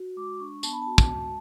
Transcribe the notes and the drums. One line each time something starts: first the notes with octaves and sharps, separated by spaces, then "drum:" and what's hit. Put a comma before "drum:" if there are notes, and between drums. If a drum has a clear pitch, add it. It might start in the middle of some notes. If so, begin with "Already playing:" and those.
Already playing: F#4
G#3 D6
D4 C#6
B3 A5, drum: tambourine
B5
F#4 A5
drum: kick, tambourine
G#3